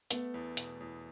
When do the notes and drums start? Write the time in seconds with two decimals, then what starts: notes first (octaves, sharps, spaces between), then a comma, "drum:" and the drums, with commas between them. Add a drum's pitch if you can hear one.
0.11 A3 B3, drum: hi-hat
0.34 E2
0.57 B2, drum: hi-hat
0.80 E2